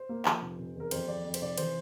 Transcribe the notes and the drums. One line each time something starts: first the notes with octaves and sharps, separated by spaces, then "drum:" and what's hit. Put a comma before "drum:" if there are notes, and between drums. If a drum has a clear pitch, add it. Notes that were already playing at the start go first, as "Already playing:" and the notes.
Already playing: C5
A#3
F3, drum: clap
F1
F1
E2 A#4
F2 C5, drum: cymbal
F2 D5
F2
C5, drum: cymbal
F1 D5
E3 C5, drum: cymbal